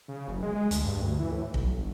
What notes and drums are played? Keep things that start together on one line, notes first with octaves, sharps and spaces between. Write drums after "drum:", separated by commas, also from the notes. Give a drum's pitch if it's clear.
C#3
F#1
G#3
G#3
D2, drum: hi-hat
G2
D2
E3
A2
B1, drum: kick
G1